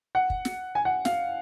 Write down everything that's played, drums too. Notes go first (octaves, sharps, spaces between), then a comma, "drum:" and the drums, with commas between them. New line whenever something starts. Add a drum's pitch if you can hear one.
F#5
drum: kick
drum: snare
G#5
F#5
F5, drum: snare